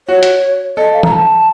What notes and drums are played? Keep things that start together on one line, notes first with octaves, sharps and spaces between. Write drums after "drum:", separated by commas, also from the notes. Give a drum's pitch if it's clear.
F#4 C#5
drum: hi-hat
A4 D#5
F5
A#5, drum: tom
A5